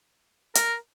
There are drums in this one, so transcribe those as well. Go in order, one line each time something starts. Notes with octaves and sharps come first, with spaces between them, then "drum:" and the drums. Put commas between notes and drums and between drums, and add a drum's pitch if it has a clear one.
A#4, drum: hi-hat